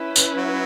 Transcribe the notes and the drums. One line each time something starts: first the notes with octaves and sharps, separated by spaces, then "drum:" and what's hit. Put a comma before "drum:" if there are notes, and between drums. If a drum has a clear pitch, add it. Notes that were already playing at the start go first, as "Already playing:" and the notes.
Already playing: C#4 E4 B4
drum: tambourine
F#3